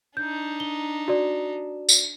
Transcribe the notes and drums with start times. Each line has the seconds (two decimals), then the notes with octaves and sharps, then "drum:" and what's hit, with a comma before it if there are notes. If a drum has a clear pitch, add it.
0.17 D4 D#4 G6
0.60 G7
1.08 F#4 D5
1.89 drum: tambourine